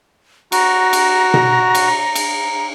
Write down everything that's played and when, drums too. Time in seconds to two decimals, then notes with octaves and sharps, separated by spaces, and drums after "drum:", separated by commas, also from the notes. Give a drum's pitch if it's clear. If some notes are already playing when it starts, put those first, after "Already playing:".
0.52 F#4 A#5, drum: cymbal
0.93 drum: cymbal
1.34 drum: tom B2
1.75 drum: cymbal
2.15 drum: cymbal